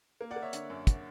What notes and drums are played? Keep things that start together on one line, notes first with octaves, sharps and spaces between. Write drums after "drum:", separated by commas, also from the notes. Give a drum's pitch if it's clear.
A#3
D5 F#5
A#3
C#5 E5
D3, drum: hi-hat
F#2
drum: kick, hi-hat